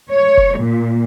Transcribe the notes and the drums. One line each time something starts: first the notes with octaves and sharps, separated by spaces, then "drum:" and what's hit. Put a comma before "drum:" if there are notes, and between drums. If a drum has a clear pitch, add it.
C#5
drum: kick F1
A#2